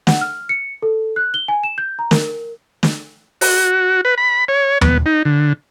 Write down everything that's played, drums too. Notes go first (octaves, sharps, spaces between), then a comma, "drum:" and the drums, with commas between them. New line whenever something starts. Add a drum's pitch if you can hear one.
F#5, drum: snare
F6
C#7
A4
F#6
G7
G#5
E7
G6
A#5
A#4, drum: snare
drum: snare
F#4, drum: open hi-hat
B4
B5
C#5
B3, drum: tom D#2
D#4
D3